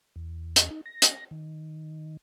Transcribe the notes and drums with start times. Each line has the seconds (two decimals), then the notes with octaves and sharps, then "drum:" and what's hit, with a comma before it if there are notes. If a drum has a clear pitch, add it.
0.16 E2
0.56 drum: hi-hat
0.70 D#4
0.86 A#6
1.02 drum: hi-hat
1.31 D#3